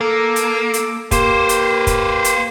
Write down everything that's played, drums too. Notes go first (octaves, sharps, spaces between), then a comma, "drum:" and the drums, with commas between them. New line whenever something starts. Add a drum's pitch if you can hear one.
A#3 A4 D6
drum: hi-hat
drum: hi-hat
A#3 G4 B4 C5, drum: kick, hi-hat
drum: hi-hat
drum: kick, hi-hat
drum: hi-hat